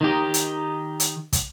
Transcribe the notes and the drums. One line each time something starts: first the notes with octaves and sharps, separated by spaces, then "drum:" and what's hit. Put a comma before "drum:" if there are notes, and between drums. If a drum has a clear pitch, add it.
D#3 D#4 G4
drum: hi-hat
drum: hi-hat
drum: kick, hi-hat